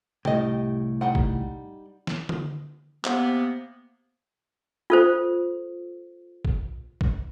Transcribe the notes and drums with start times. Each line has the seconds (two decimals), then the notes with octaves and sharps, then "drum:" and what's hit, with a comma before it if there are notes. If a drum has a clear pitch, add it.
0.25 C2 A2 G4 D#5, drum: tom C3
1.01 G3 D#4 F#5
1.15 drum: kick
2.07 drum: snare
2.29 drum: tom D3
3.05 C3 A#3 B3, drum: clap
4.90 F4 A4 C5
6.45 drum: kick
7.01 drum: kick